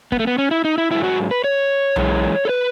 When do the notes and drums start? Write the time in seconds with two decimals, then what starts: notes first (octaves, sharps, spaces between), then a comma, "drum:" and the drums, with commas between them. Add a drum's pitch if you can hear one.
0.12 B3, drum: kick G1
0.19 A3
0.27 B3
0.38 C#4
0.51 E4
0.65 D#4
0.78 E4
0.91 G#2 F#3 E4
1.04 F#4
1.31 B4
1.44 C#5
1.96 F#2 E3 G#3, drum: tom B1
2.45 A4
2.49 B4